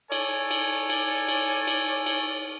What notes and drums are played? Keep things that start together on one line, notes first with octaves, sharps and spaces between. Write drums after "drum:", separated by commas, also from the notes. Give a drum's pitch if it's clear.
A4 C#5 D5 G#5, drum: cymbal
drum: cymbal
drum: cymbal
drum: cymbal
drum: cymbal
drum: cymbal